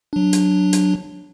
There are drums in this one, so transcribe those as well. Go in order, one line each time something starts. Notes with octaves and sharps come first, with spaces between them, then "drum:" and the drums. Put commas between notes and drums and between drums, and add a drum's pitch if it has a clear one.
F#3 D4
drum: hi-hat
drum: hi-hat